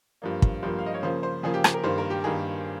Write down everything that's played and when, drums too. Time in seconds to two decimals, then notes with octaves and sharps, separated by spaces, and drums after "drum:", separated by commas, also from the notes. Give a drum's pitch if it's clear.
0.22 G2 F3 A#3
0.42 drum: kick
0.62 G2 F3 A#3 C5
0.79 F5
0.86 D#5
0.94 C#5
1.03 C#3 F3 A#3 C5
1.23 C5
1.43 C#3 F3 A#3 G#4
1.54 G4
1.64 G#4, drum: rim click
1.74 A#4
1.83 G2 D#3 A#3 C5
1.98 A#4
2.10 G4
2.24 G2 D#3 A#3 G#4